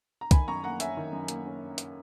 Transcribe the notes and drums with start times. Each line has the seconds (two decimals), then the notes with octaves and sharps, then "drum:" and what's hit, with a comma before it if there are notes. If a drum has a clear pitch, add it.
0.21 A#5
0.31 D#3 G#5 B5, drum: kick, hi-hat
0.48 F#2 A#5 C#6
0.64 A#3 F#5 A#5
0.80 C#4 E5 G#5, drum: hi-hat
0.97 D#3
1.12 F#2
1.28 A#3, drum: hi-hat
1.46 C#4
1.78 drum: hi-hat